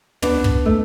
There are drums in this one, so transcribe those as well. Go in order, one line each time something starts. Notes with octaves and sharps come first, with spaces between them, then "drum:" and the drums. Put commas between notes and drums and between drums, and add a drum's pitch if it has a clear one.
B3 D4, drum: tom
drum: kick
A3